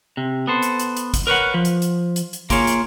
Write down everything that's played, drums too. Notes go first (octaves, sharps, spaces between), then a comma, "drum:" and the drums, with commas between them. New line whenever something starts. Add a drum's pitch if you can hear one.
C3
B3 A4 C5
drum: hi-hat
drum: hi-hat
drum: hi-hat
drum: kick, hi-hat
A#4 B4 C#5 F#5
F3
drum: hi-hat
drum: hi-hat
drum: hi-hat
drum: hi-hat
A#3 F4 G#4 C#5, drum: kick, hi-hat
drum: hi-hat